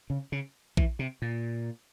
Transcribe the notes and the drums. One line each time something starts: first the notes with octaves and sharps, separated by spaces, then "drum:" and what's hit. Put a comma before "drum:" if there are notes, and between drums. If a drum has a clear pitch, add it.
C#3
C#3
E3, drum: kick A#1
C3
A#2